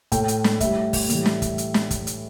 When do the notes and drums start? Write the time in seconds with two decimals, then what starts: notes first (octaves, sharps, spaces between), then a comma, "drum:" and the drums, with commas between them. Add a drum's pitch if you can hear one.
0.12 A2 A3 G5, drum: kick, hi-hat
0.28 drum: hi-hat
0.44 drum: snare
0.60 A2 G3 E5, drum: kick, hi-hat
0.93 drum: kick, open hi-hat
1.09 A2 E3 G3, drum: hi-hat
1.26 drum: snare
1.42 drum: kick, hi-hat
1.58 drum: hi-hat
1.74 drum: snare
1.91 drum: kick, hi-hat
2.07 drum: hi-hat